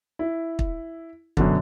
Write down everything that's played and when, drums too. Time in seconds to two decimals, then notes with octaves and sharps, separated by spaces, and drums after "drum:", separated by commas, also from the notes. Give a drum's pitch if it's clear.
0.19 E4
0.59 drum: kick
1.37 F#2 B2 D3, drum: kick